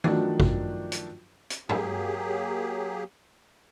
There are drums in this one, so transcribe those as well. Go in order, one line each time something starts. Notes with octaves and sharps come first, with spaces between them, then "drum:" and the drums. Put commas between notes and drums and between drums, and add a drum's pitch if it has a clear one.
D#3 F3 F#3 A3 D4 F#4, drum: tom D#3
drum: kick
drum: hi-hat
drum: hi-hat
F#3 A#3 G4 G#4, drum: tom